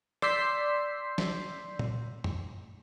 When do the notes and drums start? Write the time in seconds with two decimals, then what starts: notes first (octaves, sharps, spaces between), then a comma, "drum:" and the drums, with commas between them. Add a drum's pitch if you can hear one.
0.22 D5 C6 E6 G6 B6 C7, drum: rim click
1.18 drum: snare
1.79 drum: tom A#2
2.24 drum: tom F2